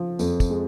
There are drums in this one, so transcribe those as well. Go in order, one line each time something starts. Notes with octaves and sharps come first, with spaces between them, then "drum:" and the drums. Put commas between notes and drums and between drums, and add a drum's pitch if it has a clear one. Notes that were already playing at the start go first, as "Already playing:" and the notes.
Already playing: C#3 F3
F2, drum: tambourine
drum: kick, tambourine
G#3